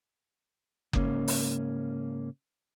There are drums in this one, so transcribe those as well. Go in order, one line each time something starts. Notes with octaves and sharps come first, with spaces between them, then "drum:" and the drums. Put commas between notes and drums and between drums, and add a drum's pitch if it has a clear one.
G#2 C#3 A#3 C#4, drum: kick F#1
drum: open hi-hat